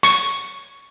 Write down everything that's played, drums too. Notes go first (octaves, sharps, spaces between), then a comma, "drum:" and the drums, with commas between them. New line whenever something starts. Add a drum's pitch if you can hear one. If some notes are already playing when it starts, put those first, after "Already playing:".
C#6, drum: open hi-hat